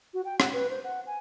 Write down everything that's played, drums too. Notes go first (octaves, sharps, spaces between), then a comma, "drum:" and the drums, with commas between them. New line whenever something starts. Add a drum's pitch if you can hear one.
F#4
G5
F#5, drum: rim click
B4
C5
F#5
G#5